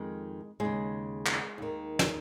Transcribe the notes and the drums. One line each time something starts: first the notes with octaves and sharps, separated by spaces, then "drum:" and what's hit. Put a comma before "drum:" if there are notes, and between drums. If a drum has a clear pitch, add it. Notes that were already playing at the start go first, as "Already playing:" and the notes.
Already playing: F2 D#3 G#3
D#2 C#3 G#3
drum: clap
D#2 D#3
drum: snare